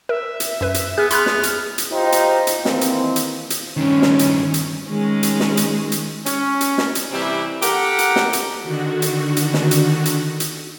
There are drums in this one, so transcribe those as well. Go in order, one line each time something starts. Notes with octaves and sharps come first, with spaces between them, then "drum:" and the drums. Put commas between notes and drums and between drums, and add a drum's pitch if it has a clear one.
A#4 E5
drum: hi-hat
F#2 B4
drum: hi-hat
B3 G#4 F6
B3 B5 C6 F6 F#6, drum: hi-hat
drum: snare
drum: hi-hat
drum: hi-hat
D#4 F4 G4 C5
drum: hi-hat
drum: hi-hat
D#3 E3 A#3 C4, drum: snare
drum: hi-hat
drum: hi-hat
drum: hi-hat
G2 D#3 C#4
drum: snare
drum: hi-hat
drum: hi-hat
D#3 G#3 C#4
drum: hi-hat
drum: snare
drum: hi-hat
drum: hi-hat
C#4, drum: hi-hat
drum: hi-hat
drum: snare
drum: hi-hat
C3 E3 G3 E4 G4
G4 A4 A#4 F#5, drum: hi-hat
drum: hi-hat
drum: snare
drum: hi-hat
D3 D#3 F#4
drum: hi-hat
drum: hi-hat
drum: snare
drum: hi-hat
drum: hi-hat
drum: hi-hat